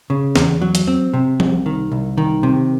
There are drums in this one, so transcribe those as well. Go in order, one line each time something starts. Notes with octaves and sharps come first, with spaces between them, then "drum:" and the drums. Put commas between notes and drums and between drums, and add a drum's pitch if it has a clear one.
C#3
E2, drum: snare
F#3
drum: hi-hat
C4
C3
C2, drum: tom F3
D#3
C2
D#3
C3